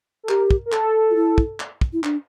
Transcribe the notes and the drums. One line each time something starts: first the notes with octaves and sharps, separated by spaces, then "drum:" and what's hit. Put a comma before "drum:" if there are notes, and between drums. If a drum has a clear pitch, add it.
A4
G4 A#4, drum: clap
drum: kick
A#4
A4, drum: clap
F4
E4
drum: kick
drum: clap
drum: kick
E4
D4, drum: clap